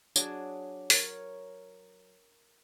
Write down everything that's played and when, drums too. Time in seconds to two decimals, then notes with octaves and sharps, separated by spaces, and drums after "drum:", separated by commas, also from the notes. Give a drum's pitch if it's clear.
0.16 F#3 D4 G#4 D6, drum: tambourine
0.90 A#4 C#5, drum: open hi-hat